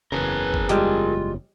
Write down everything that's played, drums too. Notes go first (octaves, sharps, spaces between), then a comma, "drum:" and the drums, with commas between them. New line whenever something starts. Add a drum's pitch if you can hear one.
F#1 E2 C#3 G#4 A#4 B4
drum: kick
G3 G#3 F4 G4, drum: hi-hat